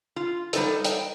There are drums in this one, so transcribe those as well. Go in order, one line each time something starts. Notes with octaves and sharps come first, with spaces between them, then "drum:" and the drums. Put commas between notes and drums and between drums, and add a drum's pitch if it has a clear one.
F4
G3 D#4 A4, drum: hi-hat
G5, drum: hi-hat